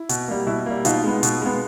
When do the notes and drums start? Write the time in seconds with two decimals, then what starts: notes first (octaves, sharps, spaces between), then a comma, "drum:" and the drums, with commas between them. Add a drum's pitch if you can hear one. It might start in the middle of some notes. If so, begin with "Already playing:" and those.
Already playing: E4
0.09 B2, drum: hi-hat
0.28 G3 A#3
0.46 B2 E4
0.66 G3 A#3
0.85 B2 D#4 F4, drum: hi-hat
1.04 G#3 B3
1.23 B2, drum: hi-hat
1.42 G#3 B3